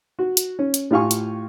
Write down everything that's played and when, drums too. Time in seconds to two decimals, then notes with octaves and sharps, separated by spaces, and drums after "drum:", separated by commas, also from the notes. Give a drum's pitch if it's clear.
0.19 F#4
0.37 drum: hi-hat
0.59 C#4
0.74 drum: hi-hat
0.91 A2 F4 G4 F5 G#5 C#6
1.11 drum: hi-hat